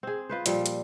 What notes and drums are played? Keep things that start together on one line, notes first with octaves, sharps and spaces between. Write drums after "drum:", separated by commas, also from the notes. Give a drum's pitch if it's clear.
C4 G#4
F4 B4 C5
A#2 F3 G3, drum: hi-hat
drum: hi-hat